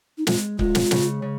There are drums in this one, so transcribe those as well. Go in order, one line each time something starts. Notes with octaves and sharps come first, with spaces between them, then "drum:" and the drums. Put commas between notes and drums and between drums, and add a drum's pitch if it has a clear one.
D#4
G#3 F4, drum: snare
G#3 F4, drum: kick C#1
drum: snare
C#3, drum: snare
C#3